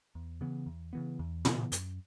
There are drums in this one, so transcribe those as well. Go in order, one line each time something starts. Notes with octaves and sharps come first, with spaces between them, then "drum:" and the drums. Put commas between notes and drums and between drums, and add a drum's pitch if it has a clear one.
E2
C#3 E3 B3
E2
C#3 E3 B3
E2
C#3 E3 B3, drum: tom
F#2, drum: hi-hat